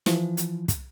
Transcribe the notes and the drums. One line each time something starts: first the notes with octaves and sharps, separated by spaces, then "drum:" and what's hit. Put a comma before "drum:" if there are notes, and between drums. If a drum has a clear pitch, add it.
E3 F3, drum: snare
drum: hi-hat
drum: kick, hi-hat